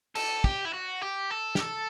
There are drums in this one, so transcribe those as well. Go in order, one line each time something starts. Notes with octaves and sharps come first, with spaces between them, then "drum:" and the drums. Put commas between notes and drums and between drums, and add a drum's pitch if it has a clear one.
A4, drum: cymbal
G4, drum: kick
E4
F#4
G4
A4
G4, drum: snare
A4